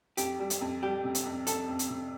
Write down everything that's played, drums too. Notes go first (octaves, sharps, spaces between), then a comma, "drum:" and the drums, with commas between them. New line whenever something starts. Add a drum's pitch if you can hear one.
F2 G4, drum: hi-hat
G3
drum: hi-hat
F2
G3 G4
C3
drum: hi-hat
F2
F2 A4, drum: hi-hat
F2
drum: hi-hat
C3